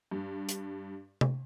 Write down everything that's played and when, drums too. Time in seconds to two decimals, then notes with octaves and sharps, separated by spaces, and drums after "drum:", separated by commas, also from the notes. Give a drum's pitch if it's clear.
0.11 G2
0.49 drum: hi-hat
1.21 drum: tom C3